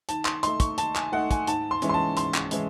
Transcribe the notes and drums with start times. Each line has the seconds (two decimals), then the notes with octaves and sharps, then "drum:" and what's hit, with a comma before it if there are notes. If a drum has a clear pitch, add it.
0.09 D#3 A5, drum: hi-hat
0.25 C6, drum: clap
0.43 A3 D#4 C6, drum: hi-hat
0.60 C#6, drum: kick, hi-hat
0.78 D#3 A5, drum: hi-hat
0.96 G#5, drum: clap
1.12 A3 D#4 F#5
1.31 G#5, drum: kick, hi-hat
1.47 G#2 A5, drum: hi-hat
1.71 C6
1.82 E3 G#3 C#4 E4, drum: hi-hat
1.89 C6
1.94 A5
2.17 G#2 C6, drum: hi-hat
2.34 drum: clap
2.51 E3 G#3 C#4 E4, drum: hi-hat